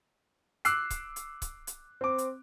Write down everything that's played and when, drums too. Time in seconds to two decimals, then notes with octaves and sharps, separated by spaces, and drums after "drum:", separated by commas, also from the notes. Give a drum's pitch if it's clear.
0.65 D6 E6 F#6 C7, drum: hi-hat
0.90 drum: kick C#1, hi-hat
1.16 drum: hi-hat
1.42 drum: kick C#1, hi-hat
1.67 drum: hi-hat
2.01 C4 D6
2.18 drum: hi-hat